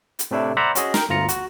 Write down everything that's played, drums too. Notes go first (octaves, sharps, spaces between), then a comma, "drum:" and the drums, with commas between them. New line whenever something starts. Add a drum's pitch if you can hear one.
drum: hi-hat
A2 C3 A3 D4 E4
C5 D5 E5 F#5 A#5 B5
C#4 F#4 G#4 D#5, drum: hi-hat
A#4 G5, drum: snare
G1 D2 F4 A#5 C#7
F#4, drum: hi-hat